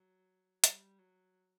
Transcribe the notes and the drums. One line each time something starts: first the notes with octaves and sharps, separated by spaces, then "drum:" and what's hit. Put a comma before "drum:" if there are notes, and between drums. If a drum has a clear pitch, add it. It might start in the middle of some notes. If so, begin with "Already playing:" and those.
Already playing: F#3
G3, drum: hi-hat
F#3